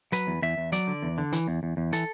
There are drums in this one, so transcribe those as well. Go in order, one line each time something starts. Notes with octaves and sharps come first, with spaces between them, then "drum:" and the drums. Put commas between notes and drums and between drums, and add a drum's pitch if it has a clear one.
F#3 B4, drum: hi-hat
E2
E2 E5
E2
F#3 D5, drum: hi-hat
D3
E2
D3
E3, drum: hi-hat
E2
E2
E2
E3 A4, drum: hi-hat